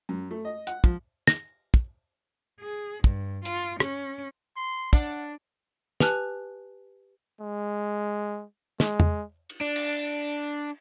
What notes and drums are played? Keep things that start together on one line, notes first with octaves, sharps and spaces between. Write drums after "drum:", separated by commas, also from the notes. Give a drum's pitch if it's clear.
F#2
A3
D#5
F#5, drum: hi-hat
F3, drum: kick
A#6, drum: snare
drum: kick
G#4
G2, drum: kick
F4, drum: hi-hat
C#4, drum: rim click
C6
D4 F#5, drum: kick
G4 B4 G#5 A5 F6 F#6, drum: snare
G#3
G#3, drum: snare
drum: tom
drum: cymbal
D4
drum: cymbal